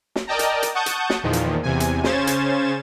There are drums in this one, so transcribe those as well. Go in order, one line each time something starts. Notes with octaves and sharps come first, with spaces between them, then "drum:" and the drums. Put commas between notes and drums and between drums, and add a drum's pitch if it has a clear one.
drum: snare
A#4 D5 D#5 G5 A5 A#5
drum: hi-hat
drum: hi-hat
F#5 A5 C#6 D#6 G6
drum: hi-hat
drum: snare
E2 A#2 D#3 F3
drum: hi-hat
E2 C3 G#5
drum: hi-hat
C#3 C#4 C5 G#6 A6 E7, drum: snare
drum: hi-hat